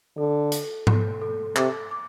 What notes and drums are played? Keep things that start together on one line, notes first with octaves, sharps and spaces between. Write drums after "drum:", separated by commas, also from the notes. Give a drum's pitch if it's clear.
D3 A4
A4, drum: hi-hat
A4, drum: tom G#2
A4
C3 D6, drum: clap
D6